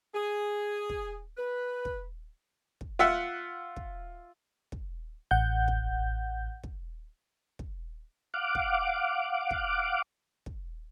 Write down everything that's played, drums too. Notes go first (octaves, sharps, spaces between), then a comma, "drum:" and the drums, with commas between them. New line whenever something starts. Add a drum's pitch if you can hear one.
G#4
drum: kick
B4
drum: kick
drum: kick
F4 E5 F#5 E6
drum: kick
drum: kick
A1 F#5 G6
drum: kick
drum: kick
drum: kick
F5 F#5 D6
drum: kick
drum: kick
drum: kick